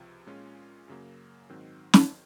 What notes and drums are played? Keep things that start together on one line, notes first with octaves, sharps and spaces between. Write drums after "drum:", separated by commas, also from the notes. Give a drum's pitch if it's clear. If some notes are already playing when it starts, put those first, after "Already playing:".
Already playing: C#2 C3 F3
A#2 G#3 C#4 F4
F#2 C#3 F#3 A#3
G#2 D#3 F#3 C4
drum: snare